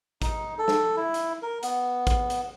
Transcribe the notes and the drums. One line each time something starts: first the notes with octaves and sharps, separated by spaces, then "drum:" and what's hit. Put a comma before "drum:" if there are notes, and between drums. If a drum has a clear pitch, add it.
D#4, drum: kick, hi-hat
A4
drum: snare
E4
drum: hi-hat
A#4
B3, drum: hi-hat
drum: kick, hi-hat
drum: hi-hat